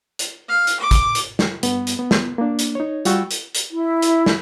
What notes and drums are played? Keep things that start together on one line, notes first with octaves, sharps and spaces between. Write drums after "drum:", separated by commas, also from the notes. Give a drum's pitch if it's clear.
drum: hi-hat
F5
drum: hi-hat
D6
drum: kick, hi-hat
drum: hi-hat
drum: snare
G2 B3, drum: hi-hat
drum: hi-hat
B3
drum: snare
A#3 D4
drum: hi-hat
D#4 C#5
G3 F4 F#4 G5 C#6 E6, drum: hi-hat
drum: hi-hat
drum: hi-hat
E4
drum: hi-hat
drum: snare